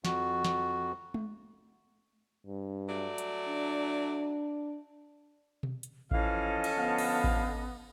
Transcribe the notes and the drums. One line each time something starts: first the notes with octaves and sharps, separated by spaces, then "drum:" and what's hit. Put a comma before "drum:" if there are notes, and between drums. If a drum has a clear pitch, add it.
F2 F#4, drum: snare
drum: snare
drum: tom G#3
G2
F#3 A3 D5
drum: hi-hat
D4
drum: tom B2
drum: hi-hat
E3 F3 C#4 A4 D#5 F5, drum: kick A1
drum: cymbal
D3 F3 B3 F5
drum: cymbal
drum: kick A1